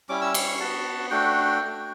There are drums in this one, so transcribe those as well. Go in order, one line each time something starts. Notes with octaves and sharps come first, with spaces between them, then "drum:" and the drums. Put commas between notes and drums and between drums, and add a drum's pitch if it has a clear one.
G3 C#4 E4 D6
E6
D6, drum: cymbal
C#6
B3 F#4 A5
A3 D4 F#4 G5
A3 D4 F#4